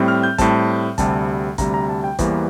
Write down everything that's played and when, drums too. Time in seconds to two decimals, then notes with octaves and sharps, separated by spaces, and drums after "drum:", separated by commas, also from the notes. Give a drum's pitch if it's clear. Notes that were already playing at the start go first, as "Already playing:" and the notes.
Already playing: A2 G3 C4
0.08 F6
0.23 G6
0.38 A2 G3 C4 A5, drum: kick, hi-hat
0.98 D2 C3 G3 A5, drum: kick, hi-hat
1.58 D2 C3 G3 A#5, drum: kick, hi-hat
1.74 A#5
1.89 A5
2.04 G5
2.19 E2 E3 G3 A#3 C5, drum: kick, hi-hat